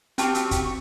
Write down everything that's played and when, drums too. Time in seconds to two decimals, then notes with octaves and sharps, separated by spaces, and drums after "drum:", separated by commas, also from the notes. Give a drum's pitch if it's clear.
0.18 C4 C#4 F#4 G4 A5 C#6 F6, drum: hi-hat
0.35 drum: hi-hat
0.51 drum: kick, hi-hat